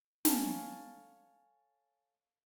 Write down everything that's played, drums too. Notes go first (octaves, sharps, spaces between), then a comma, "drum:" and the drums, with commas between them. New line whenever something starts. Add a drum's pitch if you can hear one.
A4 C#5 F5 G#5, drum: snare